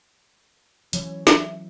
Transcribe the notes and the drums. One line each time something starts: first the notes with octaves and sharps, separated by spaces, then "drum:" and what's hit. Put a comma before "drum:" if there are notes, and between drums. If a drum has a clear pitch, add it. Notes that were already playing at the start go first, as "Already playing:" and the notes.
E3 F#3 G#3 C#4 C#5, drum: hi-hat
E5, drum: snare